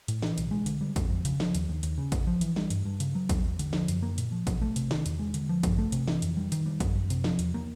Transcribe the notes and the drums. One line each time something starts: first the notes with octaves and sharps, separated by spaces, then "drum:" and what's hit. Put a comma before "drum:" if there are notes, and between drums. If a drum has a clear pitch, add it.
A2, drum: hi-hat
E3, drum: snare
B1, drum: hi-hat
G#3
D3, drum: hi-hat
G3
F2, drum: kick A1, hi-hat
F2
C#3, drum: hi-hat
F3, drum: snare
D#2, drum: hi-hat
D#2
D#2, drum: hi-hat
C#3
F1, drum: kick A1, hi-hat
F3
E3, drum: hi-hat
G3, drum: snare
G2, drum: hi-hat
G2
C#3, drum: hi-hat
F#3
E2, drum: kick A1, hi-hat
E2
D3, drum: hi-hat
F3, drum: snare
F#2, drum: hi-hat
A#3
A#2, drum: hi-hat
F3
B1, drum: kick A1, hi-hat
A3
C3, drum: hi-hat
D#3, drum: snare
E2, drum: hi-hat
G#3
D3, drum: hi-hat
F3
G2, drum: kick A1, hi-hat
A3
C3, drum: hi-hat
E3, drum: snare
F2, drum: hi-hat
G3
D#3, drum: hi-hat
G3
F#2, drum: kick A1, hi-hat
F#2
C3, drum: hi-hat
F3, drum: snare
E2, drum: hi-hat
A#3